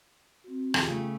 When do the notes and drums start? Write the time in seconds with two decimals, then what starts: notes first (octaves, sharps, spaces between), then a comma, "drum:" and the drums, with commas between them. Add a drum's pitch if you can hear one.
0.44 C4 F#4
0.74 D#2 F4 G4 G#4, drum: rim click
0.87 C#3 A3 B3 G5